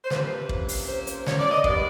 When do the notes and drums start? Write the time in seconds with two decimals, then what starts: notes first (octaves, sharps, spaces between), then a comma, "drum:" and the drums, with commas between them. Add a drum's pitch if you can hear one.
0.04 C5
0.10 C3 F3 A#3 C#4 B4, drum: snare
0.49 drum: kick
0.68 drum: open hi-hat
0.87 C5
1.07 drum: hi-hat
1.26 C#5, drum: snare
1.39 D5
1.51 D#5
1.64 G2 D#3 G#3 B3 D5, drum: kick